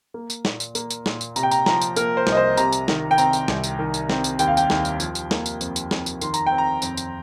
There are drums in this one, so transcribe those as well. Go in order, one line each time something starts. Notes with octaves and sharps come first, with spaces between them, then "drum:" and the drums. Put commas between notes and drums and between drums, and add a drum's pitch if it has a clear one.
A#3
drum: tambourine
A#2, drum: snare
drum: tambourine
A#3, drum: tambourine
drum: tambourine
A#2, drum: snare
drum: tambourine
C3 A#5, drum: tambourine
G5
A#5, drum: tambourine
F3 A#5, drum: snare
drum: tambourine
A#3 A#4, drum: tambourine
C5
C2, drum: snare
D#5
C5
C3 A#5, drum: tambourine
drum: tambourine
D#3, drum: snare
G5
C4 A#5, drum: tambourine
drum: tambourine
C2, drum: snare
drum: tambourine
D#3
drum: tambourine
C4, drum: snare
drum: tambourine
D#2 G5, drum: tambourine
F5
G5, drum: tambourine
D#2, drum: snare
drum: tambourine
F3, drum: tambourine
drum: tambourine
A#3, drum: snare
drum: tambourine
F2, drum: tambourine
drum: tambourine
F2, drum: snare
drum: tambourine
D#3 C6, drum: tambourine
A#5, drum: tambourine
C4 G5
A#5
F2, drum: tambourine
drum: tambourine